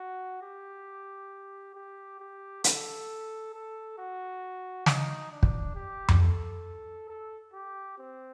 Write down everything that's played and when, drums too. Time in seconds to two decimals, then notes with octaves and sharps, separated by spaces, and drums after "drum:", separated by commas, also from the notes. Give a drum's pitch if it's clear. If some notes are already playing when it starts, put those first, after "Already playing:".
Already playing: F#4
0.42 G4
1.75 G4
2.20 G4
2.64 A4, drum: hi-hat
3.54 A4
3.98 F#4
4.86 D#4, drum: snare
5.32 D4
5.43 drum: kick
5.75 G4
6.08 drum: tom F2
6.20 A4
7.09 A4
7.53 G4
7.98 C4